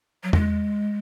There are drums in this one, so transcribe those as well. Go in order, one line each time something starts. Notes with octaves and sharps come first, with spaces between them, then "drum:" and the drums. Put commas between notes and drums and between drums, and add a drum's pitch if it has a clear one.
F#3
G#3, drum: tom E2